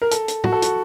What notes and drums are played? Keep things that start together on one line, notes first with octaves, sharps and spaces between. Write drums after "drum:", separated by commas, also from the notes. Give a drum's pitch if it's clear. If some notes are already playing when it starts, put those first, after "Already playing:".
A#4
A4, drum: hi-hat
drum: hi-hat
F#4, drum: tom
A4
F#4, drum: hi-hat